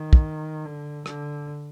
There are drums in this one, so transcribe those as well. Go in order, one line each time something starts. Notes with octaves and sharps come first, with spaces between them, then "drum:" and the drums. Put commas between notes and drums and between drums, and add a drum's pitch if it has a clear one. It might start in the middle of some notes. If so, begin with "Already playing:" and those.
Already playing: D#3
drum: kick
D3
D3, drum: rim click